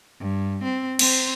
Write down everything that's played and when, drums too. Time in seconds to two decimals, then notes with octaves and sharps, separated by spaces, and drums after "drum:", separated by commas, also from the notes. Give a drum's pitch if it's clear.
0.20 G2
0.63 C4
0.99 C4 C5, drum: cymbal